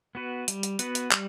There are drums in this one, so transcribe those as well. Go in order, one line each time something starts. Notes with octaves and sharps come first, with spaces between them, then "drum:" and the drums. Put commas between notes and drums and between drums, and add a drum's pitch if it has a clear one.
B3 F#4 B4
G3, drum: hi-hat
drum: hi-hat
B3 F#4 B4, drum: hi-hat
drum: hi-hat
G3, drum: clap